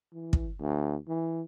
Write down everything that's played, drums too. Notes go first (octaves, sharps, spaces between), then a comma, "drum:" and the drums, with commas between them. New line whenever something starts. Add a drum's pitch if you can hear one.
E3
drum: kick
D2
E3